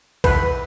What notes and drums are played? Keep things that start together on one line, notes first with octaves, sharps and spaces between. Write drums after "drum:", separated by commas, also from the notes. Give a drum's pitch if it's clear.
B4, drum: kick C2, cymbal